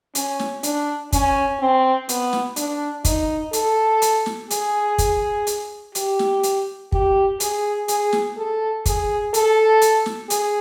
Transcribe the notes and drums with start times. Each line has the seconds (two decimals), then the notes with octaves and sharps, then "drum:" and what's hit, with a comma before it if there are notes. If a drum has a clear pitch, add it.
0.15 C#4, drum: hi-hat
0.39 drum: snare
0.63 D4, drum: hi-hat
1.13 C#4, drum: kick, hi-hat
1.60 C4
2.09 B3, drum: hi-hat
2.33 drum: snare
2.56 D4, drum: hi-hat
3.05 D#4, drum: kick, hi-hat
3.53 A4, drum: hi-hat
4.02 drum: hi-hat
4.26 drum: snare
4.51 G#4, drum: hi-hat
4.98 drum: kick, hi-hat
5.47 drum: hi-hat
5.95 G4, drum: hi-hat
6.19 drum: snare
6.43 drum: hi-hat
6.92 G4, drum: kick
7.40 G#4, drum: hi-hat
7.88 G#4, drum: hi-hat
8.13 drum: snare
8.37 A4
8.86 G#4, drum: kick, hi-hat
9.34 A4, drum: hi-hat
9.82 drum: hi-hat
10.06 drum: snare
10.30 G#4, drum: hi-hat